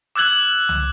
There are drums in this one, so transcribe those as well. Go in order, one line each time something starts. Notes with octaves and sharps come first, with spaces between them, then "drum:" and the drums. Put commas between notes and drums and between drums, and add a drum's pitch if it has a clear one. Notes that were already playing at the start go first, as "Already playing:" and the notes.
D6 E6 F#6 G#6 F#7
drum: tom C2